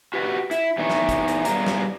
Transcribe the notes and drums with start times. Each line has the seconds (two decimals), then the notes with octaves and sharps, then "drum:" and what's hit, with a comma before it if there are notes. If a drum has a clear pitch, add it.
0.14 F#4 G4 B4
0.51 E4, drum: hi-hat
0.78 E3 B3 D#4 E4 C#5
0.90 drum: snare
1.09 drum: kick, hi-hat
1.28 drum: hi-hat
1.45 G3 B3 G#4 C#5 F5 A#5, drum: hi-hat
1.66 drum: snare